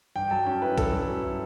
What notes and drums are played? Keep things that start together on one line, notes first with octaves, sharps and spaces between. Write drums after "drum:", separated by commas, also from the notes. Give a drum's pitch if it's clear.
G2 G5
F#3 A5
C#4 G5
E4 B4
G2 A4, drum: kick B1, hi-hat
F#3
C#4
E4